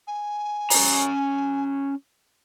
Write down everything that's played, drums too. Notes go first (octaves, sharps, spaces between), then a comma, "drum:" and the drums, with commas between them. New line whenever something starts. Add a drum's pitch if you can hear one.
G#5
C#4 A#5, drum: open hi-hat